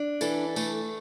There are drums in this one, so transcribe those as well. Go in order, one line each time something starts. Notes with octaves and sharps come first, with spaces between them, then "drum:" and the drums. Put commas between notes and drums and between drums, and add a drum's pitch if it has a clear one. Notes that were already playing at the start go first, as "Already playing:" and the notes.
Already playing: D4
E3 A4 B4, drum: tambourine
A3, drum: tambourine